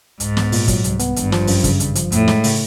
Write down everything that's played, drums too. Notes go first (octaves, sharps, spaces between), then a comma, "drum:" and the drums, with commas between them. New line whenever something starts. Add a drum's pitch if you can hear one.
C2 G#2, drum: hi-hat
B3, drum: snare
A#2, drum: open hi-hat
F#3, drum: kick, hi-hat
C2, drum: hi-hat
B3, drum: hi-hat
G#1 G2, drum: hi-hat
F3, drum: snare
F#2, drum: open hi-hat
C#3, drum: kick, hi-hat
G#1, drum: hi-hat
F3, drum: hi-hat
F2 A2, drum: hi-hat
G#3, drum: snare
C#3, drum: open hi-hat